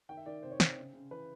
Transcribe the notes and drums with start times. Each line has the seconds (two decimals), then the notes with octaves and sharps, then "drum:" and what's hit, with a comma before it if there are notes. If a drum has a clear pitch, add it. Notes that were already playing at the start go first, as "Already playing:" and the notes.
0.09 D#3 G5
0.17 E5
0.26 D#3 D5
0.43 C3 C5
0.51 C#5
0.60 C3 C5, drum: snare
0.77 C#3
0.93 C#3
1.11 E3 B4